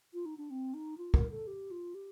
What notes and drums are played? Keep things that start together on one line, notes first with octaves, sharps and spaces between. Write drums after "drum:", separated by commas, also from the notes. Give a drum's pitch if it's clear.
F4
D#4
D4
C4
D#4
F4
A#4, drum: kick
A4
G4
F4
G4